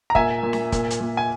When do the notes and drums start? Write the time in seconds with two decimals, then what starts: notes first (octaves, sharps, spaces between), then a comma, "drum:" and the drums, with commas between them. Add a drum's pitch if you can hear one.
0.10 A#5
0.15 A#2 E5 G#5, drum: kick
0.43 A#2
0.53 drum: snare
0.72 A#2, drum: kick, hi-hat
0.90 drum: hi-hat
1.00 A#2
1.17 G#5